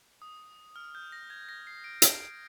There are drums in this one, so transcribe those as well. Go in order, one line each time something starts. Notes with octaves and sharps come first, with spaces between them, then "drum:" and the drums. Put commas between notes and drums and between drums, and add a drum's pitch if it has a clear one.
D#6
F6
G6
A#6
G#6
A#6
C7
D7
D7, drum: hi-hat
D7